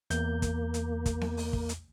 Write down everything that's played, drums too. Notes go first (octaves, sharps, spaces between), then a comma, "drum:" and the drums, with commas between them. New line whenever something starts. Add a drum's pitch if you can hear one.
E2 A#3 G6, drum: hi-hat
drum: kick, hi-hat
drum: hi-hat
drum: kick, hi-hat
drum: snare B3
drum: open hi-hat
drum: kick
drum: hi-hat